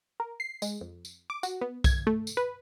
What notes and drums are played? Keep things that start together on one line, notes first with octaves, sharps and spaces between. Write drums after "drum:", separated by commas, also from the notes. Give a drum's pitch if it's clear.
A#4
C7
G#3, drum: tambourine
F2
drum: tambourine
D6
F#4, drum: tambourine
B3
G#6, drum: kick B1, tambourine
A3
drum: tambourine
B4